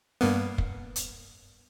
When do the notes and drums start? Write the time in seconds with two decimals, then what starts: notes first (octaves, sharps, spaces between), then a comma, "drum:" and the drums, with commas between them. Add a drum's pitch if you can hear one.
0.21 G2 A#3 B3
0.58 drum: kick
0.96 drum: hi-hat